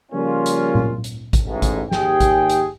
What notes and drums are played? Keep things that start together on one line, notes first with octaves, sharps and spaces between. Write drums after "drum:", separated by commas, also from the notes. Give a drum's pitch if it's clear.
C#3 F3 G3 A#3 C#4 F4
drum: hi-hat
drum: tom A#2
drum: hi-hat
drum: kick A1, hi-hat
A1 G#2
drum: kick A1, hi-hat
D#2 G4 G#4 G5, drum: snare
drum: kick A1, hi-hat
drum: hi-hat